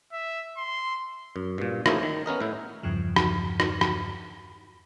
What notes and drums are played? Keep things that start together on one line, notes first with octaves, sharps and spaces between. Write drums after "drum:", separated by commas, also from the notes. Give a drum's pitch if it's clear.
E5
C6
F#2
G2 A#2
A3 A#3 C#4 E4 G#4 C5, drum: rim click
D#3
B3 C#4 A#4 D#5
A2 E4
E2 G2 C#3 F3
drum: rim click
drum: rim click
drum: rim click